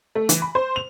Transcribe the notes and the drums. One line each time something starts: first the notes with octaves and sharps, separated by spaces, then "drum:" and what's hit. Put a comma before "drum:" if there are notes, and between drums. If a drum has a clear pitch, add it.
A3
E3, drum: hi-hat
B5
C5
F7